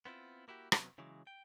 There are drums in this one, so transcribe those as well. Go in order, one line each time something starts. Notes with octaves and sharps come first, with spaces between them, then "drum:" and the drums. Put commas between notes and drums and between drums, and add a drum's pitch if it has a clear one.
B3 C4 E4 F4
A#3 E4 F#4 G4
C3 F#3 B3 C#4, drum: rim click
C#3 E3 F#3 G#3
G5